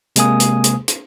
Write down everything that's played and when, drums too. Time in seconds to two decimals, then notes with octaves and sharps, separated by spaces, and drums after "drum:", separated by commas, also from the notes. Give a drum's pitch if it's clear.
0.16 C3 G#3 A#3 G#5 D#6, drum: hi-hat
0.40 drum: hi-hat
0.64 drum: hi-hat
0.88 drum: hi-hat